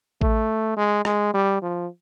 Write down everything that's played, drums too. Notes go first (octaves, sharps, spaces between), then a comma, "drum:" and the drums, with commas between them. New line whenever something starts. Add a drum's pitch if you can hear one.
A3, drum: kick A1
G#3
G#3, drum: rim click
G3
F3